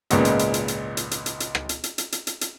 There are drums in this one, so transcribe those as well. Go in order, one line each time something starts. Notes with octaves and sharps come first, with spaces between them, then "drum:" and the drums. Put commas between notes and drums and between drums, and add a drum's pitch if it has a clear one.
G#1 C#2 A#2 B3, drum: hi-hat
drum: hi-hat
drum: hi-hat
drum: hi-hat
drum: hi-hat
drum: hi-hat
drum: hi-hat
drum: hi-hat
drum: hi-hat
drum: rim click
drum: hi-hat
drum: hi-hat
drum: hi-hat
drum: hi-hat
drum: hi-hat
drum: hi-hat